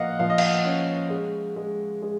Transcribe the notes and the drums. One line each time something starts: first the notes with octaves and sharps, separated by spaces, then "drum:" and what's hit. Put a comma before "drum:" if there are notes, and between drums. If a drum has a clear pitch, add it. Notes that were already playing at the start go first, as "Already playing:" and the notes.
Already playing: F3 A#3 D#5 F5 F#5
F3 F5
D#5
F5, drum: cymbal
C#4
G#3
G#3
G#3